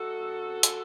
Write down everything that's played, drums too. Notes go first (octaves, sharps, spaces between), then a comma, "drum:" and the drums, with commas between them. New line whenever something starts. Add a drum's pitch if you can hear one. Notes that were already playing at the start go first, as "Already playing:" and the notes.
Already playing: A3 D#4 F#4 A4
F#2
C4
drum: hi-hat